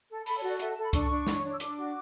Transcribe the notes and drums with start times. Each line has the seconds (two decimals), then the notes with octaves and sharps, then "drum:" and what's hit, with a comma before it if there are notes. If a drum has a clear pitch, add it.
0.09 A4
0.26 A4 B5, drum: open hi-hat
0.38 C#5
0.43 F#4
0.49 D5
0.59 A4 E5, drum: hi-hat
0.71 A5
0.77 A4
0.83 B5
0.93 D4 C#6, drum: kick C2, hi-hat
1.10 D4
1.27 C#5, drum: snare
1.44 D4
1.52 E6
1.60 D4 D6, drum: hi-hat
1.76 F#4